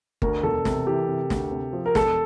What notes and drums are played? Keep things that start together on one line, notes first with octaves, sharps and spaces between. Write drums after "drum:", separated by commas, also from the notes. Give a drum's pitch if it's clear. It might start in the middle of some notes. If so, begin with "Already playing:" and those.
D2 A#4, drum: kick G1
E1 A4
C3, drum: snare
E3 G4
C3
D2, drum: snare
C3
F3
A#4
E1 A4, drum: snare